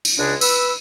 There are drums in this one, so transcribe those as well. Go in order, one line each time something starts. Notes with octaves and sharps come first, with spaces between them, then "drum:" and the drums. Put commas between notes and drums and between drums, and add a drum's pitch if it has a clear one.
drum: tambourine
C#2 C#3 G#3 D4
B4 E6, drum: tambourine